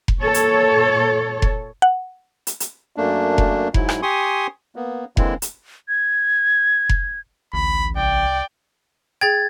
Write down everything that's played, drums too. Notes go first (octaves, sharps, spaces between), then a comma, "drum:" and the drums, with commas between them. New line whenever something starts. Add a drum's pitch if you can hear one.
drum: kick F1
A#2 A4 C#5
drum: hi-hat
drum: kick F1
F#5
drum: hi-hat
drum: hi-hat
F#2 A3 A#3 D4
drum: kick F1
G#2 F#3 E4, drum: kick F1
drum: rim click
G4 G#5 C6 C#6 D#6
A#3 B3
D3 E3 G#3 A#3 C4 E4, drum: kick F1
drum: hi-hat
G#6
drum: kick F1
A1 D2 B5
C2 D5 G5
G#4 G5 G#6 A6